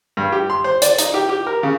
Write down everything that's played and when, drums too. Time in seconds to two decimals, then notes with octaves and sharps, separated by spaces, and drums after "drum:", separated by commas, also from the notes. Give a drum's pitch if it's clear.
0.17 G2
0.32 G4
0.50 C6
0.64 C5
0.82 D5, drum: hi-hat
0.98 D#4, drum: hi-hat
1.14 G4
1.29 G4
1.47 A#4
1.63 C#3